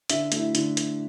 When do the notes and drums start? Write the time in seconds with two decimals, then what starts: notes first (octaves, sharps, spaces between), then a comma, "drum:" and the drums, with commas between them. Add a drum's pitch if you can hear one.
0.10 D3 E5, drum: hi-hat
0.32 A3, drum: hi-hat
0.37 E4
0.55 D3, drum: hi-hat
0.77 drum: hi-hat